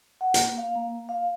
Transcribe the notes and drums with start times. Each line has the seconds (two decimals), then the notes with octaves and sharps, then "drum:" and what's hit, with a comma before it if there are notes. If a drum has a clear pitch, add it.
0.21 F#5
0.34 A#3, drum: hi-hat
0.58 F5
0.75 A#3
1.09 F5